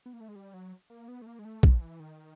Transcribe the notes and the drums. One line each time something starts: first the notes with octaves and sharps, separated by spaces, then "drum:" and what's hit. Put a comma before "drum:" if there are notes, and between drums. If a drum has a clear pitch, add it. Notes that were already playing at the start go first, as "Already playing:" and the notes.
B3
A#3
A3
G#3
G3
F#3
A#3
B3
A3
A#3
G#3
A3
F3, drum: kick A#1
E3
D#3